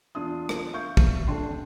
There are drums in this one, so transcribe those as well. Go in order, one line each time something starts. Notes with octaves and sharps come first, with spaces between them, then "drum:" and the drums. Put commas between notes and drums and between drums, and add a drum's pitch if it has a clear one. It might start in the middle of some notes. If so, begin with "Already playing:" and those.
E2 D4 F4 D#6
drum: rim click
E5 F5 C#6 G6
drum: kick
D#1 D4 G5 C6